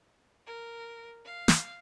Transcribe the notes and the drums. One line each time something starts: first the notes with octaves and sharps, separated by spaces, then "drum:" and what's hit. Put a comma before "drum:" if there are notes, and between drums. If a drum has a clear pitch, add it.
A#4
F5
drum: snare